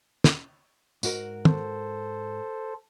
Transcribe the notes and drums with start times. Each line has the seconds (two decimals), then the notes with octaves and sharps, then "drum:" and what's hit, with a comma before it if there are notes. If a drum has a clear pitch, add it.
0.24 drum: snare
1.03 G#2 F#4 A#4, drum: tambourine
1.45 A4 C5, drum: tom